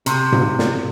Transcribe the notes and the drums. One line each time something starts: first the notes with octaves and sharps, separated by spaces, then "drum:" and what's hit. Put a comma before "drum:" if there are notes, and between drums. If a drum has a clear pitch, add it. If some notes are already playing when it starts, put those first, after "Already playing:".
C3, drum: hi-hat
drum: tom G#2
drum: snare